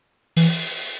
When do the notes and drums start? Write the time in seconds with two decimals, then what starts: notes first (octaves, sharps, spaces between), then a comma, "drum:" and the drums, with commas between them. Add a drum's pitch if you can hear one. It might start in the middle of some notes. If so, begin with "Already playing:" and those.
0.37 E3, drum: open hi-hat